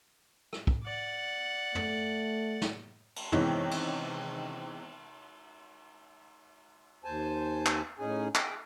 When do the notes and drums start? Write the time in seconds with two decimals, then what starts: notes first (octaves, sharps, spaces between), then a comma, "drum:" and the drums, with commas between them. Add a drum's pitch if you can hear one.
0.53 drum: rim click
0.67 drum: kick
0.84 D5 F#5
1.75 A3, drum: tom
2.62 drum: snare
3.16 drum: cymbal
3.32 C3 D#3 E3 G#3 B3 C#4, drum: tom
3.71 drum: cymbal
7.04 D#2 C5 G#5 A5
7.66 drum: clap
7.99 A2 C#4 D#4 G#4 G#5
8.35 G#4 G5, drum: clap